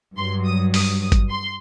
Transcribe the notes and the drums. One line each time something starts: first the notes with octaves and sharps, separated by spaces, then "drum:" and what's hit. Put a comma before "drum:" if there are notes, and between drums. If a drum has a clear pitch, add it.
G2 F#3 C6
D#6
D#6, drum: open hi-hat
D#6
drum: kick G#1, hi-hat
C6